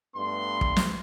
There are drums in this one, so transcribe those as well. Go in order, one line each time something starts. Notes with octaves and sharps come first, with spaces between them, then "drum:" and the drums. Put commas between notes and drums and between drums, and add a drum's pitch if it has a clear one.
G2 A3 B3 C6
drum: kick
drum: snare